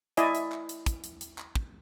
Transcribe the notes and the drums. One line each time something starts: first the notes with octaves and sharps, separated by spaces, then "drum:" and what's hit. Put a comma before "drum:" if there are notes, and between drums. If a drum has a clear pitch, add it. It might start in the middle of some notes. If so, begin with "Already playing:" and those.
E4 D5 D#5 G#5, drum: hi-hat
drum: hi-hat
drum: clap
drum: hi-hat
drum: kick, hi-hat
drum: hi-hat
drum: hi-hat
drum: clap
drum: kick